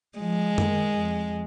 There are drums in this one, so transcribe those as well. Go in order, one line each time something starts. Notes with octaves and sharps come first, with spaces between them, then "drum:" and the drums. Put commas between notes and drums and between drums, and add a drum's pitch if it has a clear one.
F3 G#3
D#3, drum: tom F#2
F2